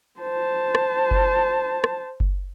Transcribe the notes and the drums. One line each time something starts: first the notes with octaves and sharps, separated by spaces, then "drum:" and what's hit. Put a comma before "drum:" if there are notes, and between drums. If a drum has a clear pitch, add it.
C5 A5
drum: rim click
drum: kick F#1
drum: rim click
drum: kick F#1